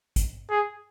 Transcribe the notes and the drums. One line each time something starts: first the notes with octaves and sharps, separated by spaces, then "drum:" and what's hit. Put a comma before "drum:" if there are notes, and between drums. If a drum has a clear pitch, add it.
drum: kick, hi-hat
G#4